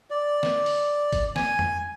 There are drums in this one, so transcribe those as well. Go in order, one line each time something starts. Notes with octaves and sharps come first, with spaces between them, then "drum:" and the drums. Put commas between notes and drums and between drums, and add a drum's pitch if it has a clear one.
D5
drum: snare
drum: open hi-hat
drum: kick, hi-hat
G#5, drum: snare
drum: tom F2